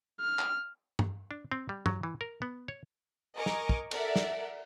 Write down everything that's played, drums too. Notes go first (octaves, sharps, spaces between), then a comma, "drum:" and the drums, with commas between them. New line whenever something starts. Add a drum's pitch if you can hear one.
F6
drum: clap
drum: tom G2
D4
C4
G3
F#3, drum: tom G2
E3
A#4
B3
C#5
A#4 D#5 G#5 A#5 C#6 D6
drum: snare
drum: kick
A4 A#4 D5 E5 F#5, drum: cymbal
drum: snare